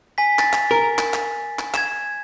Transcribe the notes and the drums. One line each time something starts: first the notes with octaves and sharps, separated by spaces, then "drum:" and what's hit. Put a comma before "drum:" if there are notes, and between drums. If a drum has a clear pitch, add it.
G#5 B6
A6, drum: clap
drum: clap
A#4
drum: clap
drum: clap
drum: clap
G#6 E7, drum: clap